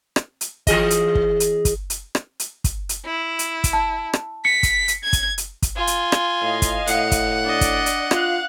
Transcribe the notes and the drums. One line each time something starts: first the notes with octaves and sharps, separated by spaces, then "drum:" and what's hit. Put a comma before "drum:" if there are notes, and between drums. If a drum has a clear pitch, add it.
drum: rim click
drum: hi-hat
E3 G#4 D#5, drum: kick, hi-hat
drum: hi-hat
drum: kick
drum: hi-hat
drum: kick, hi-hat
drum: hi-hat
drum: rim click
drum: hi-hat
drum: kick, hi-hat
drum: hi-hat
E4
drum: hi-hat
drum: kick, hi-hat
A5
drum: rim click
B6 C#7
drum: kick, hi-hat
drum: hi-hat
G#6
drum: kick, hi-hat
drum: hi-hat
drum: kick, hi-hat
F4 G#5
drum: hi-hat
drum: rim click
A2 D#5 F5
drum: kick, hi-hat
A2 F#5, drum: hi-hat
drum: kick, hi-hat
D4 D5 D#5
drum: kick, hi-hat
drum: hi-hat
F4 F5 F#6, drum: rim click